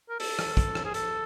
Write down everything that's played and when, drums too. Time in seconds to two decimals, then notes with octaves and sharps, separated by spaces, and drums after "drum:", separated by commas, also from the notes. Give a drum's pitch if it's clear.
0.09 A#4
0.20 A4, drum: open hi-hat
0.39 drum: rim click
0.57 drum: kick, hi-hat
0.75 drum: rim click
0.85 G#4
0.94 A4, drum: hi-hat